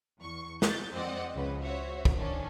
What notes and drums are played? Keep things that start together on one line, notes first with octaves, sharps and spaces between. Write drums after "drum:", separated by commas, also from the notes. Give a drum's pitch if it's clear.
E2 C#6
G6 A6, drum: snare
F2 C4 C5 D5 D#5 F#5
C#2 C#3 B4
F#4 C5 C#5 E5
drum: kick
D#3 C#4 D4